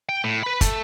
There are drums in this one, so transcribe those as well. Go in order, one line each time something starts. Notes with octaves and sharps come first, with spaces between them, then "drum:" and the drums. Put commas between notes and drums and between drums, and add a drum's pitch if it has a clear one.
G5
A2
B4 B5
A3, drum: kick, hi-hat